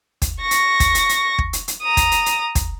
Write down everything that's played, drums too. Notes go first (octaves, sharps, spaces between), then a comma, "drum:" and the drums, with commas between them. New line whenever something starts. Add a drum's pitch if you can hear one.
drum: kick, hi-hat
C#6 A#6
drum: hi-hat
drum: kick, hi-hat
drum: hi-hat
drum: hi-hat
drum: kick
drum: hi-hat
drum: hi-hat
A#5 D#6
drum: kick, hi-hat
drum: hi-hat
drum: hi-hat
drum: kick, hi-hat